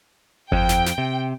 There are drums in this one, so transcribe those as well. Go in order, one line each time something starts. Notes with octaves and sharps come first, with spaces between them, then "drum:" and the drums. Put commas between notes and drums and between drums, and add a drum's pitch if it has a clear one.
F2 G5, drum: kick G1
drum: snare
drum: snare
C3